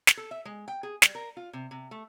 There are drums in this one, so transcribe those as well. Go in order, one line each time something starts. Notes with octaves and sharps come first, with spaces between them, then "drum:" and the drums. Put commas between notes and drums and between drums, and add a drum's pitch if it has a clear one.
drum: snare
A4
E5
G#3
G5
G#4
G3, drum: snare
A#4
F4
C3
C3
A3